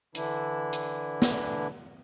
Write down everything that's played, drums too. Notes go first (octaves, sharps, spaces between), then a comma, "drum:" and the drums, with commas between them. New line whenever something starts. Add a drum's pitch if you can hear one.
D3 E3 D4 E4, drum: hi-hat
drum: hi-hat
drum: snare